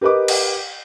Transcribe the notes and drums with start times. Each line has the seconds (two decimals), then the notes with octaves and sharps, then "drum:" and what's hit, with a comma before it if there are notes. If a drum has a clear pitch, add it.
0.01 G4 A#4 B4 D#5 D6
0.28 drum: cymbal